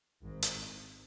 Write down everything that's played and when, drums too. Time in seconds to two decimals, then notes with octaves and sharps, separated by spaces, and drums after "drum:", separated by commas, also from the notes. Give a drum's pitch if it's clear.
0.23 G#1 G#2
0.42 drum: hi-hat